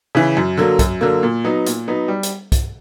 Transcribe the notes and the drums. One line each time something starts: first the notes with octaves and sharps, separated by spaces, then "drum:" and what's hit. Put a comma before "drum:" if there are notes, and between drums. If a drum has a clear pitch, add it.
C#3 E3
F#2
D3 F#3 A#3
F#2, drum: kick, hi-hat
D3 F#3 A#3
A#2
F#3 B3 D#4
A#2, drum: hi-hat
F#3 B3 D#4
G3
drum: hi-hat
drum: kick, hi-hat